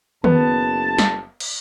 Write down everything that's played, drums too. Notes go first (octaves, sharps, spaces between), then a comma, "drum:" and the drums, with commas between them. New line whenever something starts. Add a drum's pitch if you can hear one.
F#1 B3 A5, drum: tom D#3
drum: snare
drum: cymbal